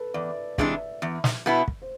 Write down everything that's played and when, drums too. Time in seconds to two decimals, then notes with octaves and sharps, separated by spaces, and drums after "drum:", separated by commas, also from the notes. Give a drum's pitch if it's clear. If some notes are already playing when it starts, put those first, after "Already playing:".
Already playing: A4 B4
0.14 E2 D5
0.58 C3 E3 G#3 D4 E5, drum: kick
1.02 E2
1.24 drum: snare
1.46 B2 B3 E4
1.68 drum: kick
1.82 C5